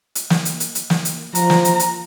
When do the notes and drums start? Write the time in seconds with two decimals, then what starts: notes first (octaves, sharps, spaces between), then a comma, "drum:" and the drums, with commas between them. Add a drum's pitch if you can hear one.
0.15 drum: hi-hat
0.30 drum: snare
0.45 drum: hi-hat
0.60 drum: hi-hat
0.75 drum: hi-hat
0.90 drum: snare
1.05 drum: hi-hat
1.35 F3 A#5, drum: hi-hat
1.50 drum: snare
1.65 drum: hi-hat
1.80 drum: hi-hat